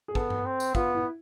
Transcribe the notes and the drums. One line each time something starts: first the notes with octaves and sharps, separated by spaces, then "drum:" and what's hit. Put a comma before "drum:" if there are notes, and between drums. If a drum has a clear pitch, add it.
G#4
B3 A4, drum: kick
drum: tom G2
C4
drum: tambourine
B3 F4, drum: kick
E4